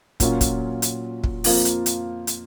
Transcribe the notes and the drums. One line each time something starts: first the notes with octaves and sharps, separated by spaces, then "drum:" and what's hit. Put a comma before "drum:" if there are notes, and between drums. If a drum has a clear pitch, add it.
A#2 F#3 C#4 F4, drum: kick, hi-hat
drum: kick, hi-hat
drum: hi-hat
drum: kick
F2 F3 A#3 F4, drum: open hi-hat
drum: hi-hat
drum: hi-hat
drum: hi-hat